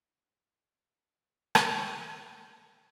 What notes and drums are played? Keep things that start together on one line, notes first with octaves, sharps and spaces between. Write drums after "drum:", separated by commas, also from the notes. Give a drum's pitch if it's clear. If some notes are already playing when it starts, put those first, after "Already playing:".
D4 E4
drum: rim click
C#4